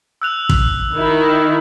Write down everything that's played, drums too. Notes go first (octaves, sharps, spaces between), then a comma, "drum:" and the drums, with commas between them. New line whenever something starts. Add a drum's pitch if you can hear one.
E6 F#6 F7
drum: kick
D#3 E4